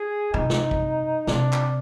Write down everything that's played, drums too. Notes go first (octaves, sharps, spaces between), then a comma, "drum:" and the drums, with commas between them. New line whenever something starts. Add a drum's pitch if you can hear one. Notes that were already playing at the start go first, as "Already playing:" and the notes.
Already playing: G#4
C3 D#4, drum: tom
drum: snare
drum: kick
C3 D4, drum: snare
drum: clap